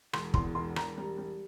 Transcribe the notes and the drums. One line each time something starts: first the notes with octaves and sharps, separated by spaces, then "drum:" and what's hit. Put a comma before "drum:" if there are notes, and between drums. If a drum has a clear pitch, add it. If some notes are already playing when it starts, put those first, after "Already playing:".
E1 C6, drum: rim click
E2 C6, drum: kick
E1 C6
E1 A#5, drum: rim click
G3
G3